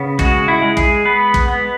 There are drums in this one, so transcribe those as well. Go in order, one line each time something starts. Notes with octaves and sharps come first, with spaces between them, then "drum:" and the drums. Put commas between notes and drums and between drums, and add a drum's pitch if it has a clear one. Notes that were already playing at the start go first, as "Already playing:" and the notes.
Already playing: C#3 B3
G#3 F#4, drum: kick
E4
G#3
G#4, drum: kick
B3 B4
drum: kick
B3